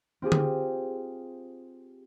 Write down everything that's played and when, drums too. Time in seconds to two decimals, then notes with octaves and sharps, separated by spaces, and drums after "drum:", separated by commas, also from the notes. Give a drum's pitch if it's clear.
0.22 C4 F4 G4 G#4
0.32 drum: tom D3